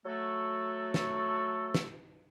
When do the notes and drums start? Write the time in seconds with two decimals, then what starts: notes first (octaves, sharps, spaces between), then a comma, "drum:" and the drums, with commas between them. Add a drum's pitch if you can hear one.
0.05 F#3 A3 F#4 A4
0.94 drum: snare
1.74 drum: snare